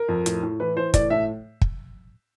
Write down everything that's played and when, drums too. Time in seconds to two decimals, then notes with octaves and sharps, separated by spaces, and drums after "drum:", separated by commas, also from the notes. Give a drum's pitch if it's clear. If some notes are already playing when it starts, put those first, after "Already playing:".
Already playing: A#4
0.08 F2
0.26 A2, drum: hi-hat
0.43 A2
0.60 E3 B4
0.77 E3 C5
0.94 A2 D5, drum: kick, hi-hat
1.10 A2 E5
1.61 drum: kick